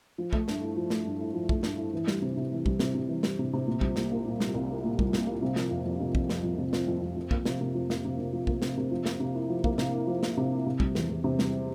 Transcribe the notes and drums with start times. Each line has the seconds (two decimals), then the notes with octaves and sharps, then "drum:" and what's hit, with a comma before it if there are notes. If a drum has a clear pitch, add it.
0.18 F3
0.33 A3, drum: kick
0.48 G2, drum: snare
0.61 E4
0.77 F3
0.90 A3, drum: snare
1.05 G2
1.20 E4
1.34 F3
1.49 A3, drum: kick
1.63 G2, drum: snare
1.78 E4
1.93 E3
2.08 G3, drum: snare
2.22 C3
2.37 C3
2.52 E3
2.66 G3, drum: kick
2.79 C3, drum: snare
2.94 C3
3.09 E3
3.23 G3, drum: snare
3.39 C3
3.53 C3
3.67 A#2
3.81 G3, drum: kick
3.96 C2, drum: snare
4.12 A#3
4.26 A#2
4.40 G3, drum: snare
4.54 C2
4.69 A#3
4.84 A#2
4.99 G3, drum: kick
5.13 C2, drum: snare
5.27 A#3
5.42 C3
5.56 F3, drum: snare
5.71 F2
5.85 F2
6.00 C3
6.15 F3, drum: kick
6.30 F2, drum: snare
6.44 F2
6.58 C3
6.73 F3, drum: snare
6.88 F2
7.02 F2
7.16 F3
7.31 A#3, drum: kick
7.45 C3, drum: snare
7.61 C3
7.75 F3
7.90 A#3, drum: snare
8.05 C3
8.19 C3
8.33 F3
8.47 A#3, drum: kick
8.62 C3, drum: snare
8.77 C3
8.91 F3
9.06 A#3, drum: snare
9.20 C3
9.35 E4
9.50 F3
9.64 A#3, drum: kick
9.78 C3, drum: snare
9.94 E4
10.07 F3
10.23 A#3, drum: snare
10.37 C3
10.52 E4
10.66 C3
10.80 G3, drum: kick
10.95 E2, drum: snare
11.09 E2
11.24 C3
11.39 G3, drum: snare